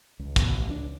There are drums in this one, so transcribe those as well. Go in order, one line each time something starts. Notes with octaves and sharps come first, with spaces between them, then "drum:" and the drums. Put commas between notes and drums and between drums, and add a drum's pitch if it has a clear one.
C#2
B2, drum: kick, hi-hat
A1
C#2 D#3 D4